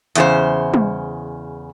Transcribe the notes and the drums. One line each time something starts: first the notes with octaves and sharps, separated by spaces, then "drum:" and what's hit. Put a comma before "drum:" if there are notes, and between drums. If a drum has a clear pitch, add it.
E2 C#3 C5, drum: hi-hat
drum: tom